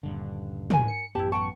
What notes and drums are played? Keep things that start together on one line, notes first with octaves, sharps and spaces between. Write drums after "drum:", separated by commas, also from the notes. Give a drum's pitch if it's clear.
D#1 G2 D3
A#4 G#5, drum: tom
C#7
A1 F#2 B3 E4 G4 A5
F#5 G5 A5 C#6